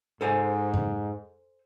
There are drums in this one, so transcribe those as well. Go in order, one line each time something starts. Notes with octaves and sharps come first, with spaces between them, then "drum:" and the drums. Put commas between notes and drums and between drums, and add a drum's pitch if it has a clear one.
G#2 A4 C5 G#5
drum: tom F2